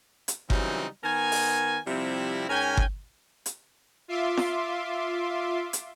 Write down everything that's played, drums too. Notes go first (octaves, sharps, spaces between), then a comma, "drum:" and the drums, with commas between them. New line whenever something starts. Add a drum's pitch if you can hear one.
drum: hi-hat
C#3 E3 F#3 G3 C4 D#4, drum: kick G1
D#3 B3 A#4 G#5
drum: open hi-hat
C3 F3 G3 C4 E4
G#2 C#4 A#4 G5 G#5
drum: kick G1
drum: hi-hat
F4 E5 C6 D6
drum: snare
drum: hi-hat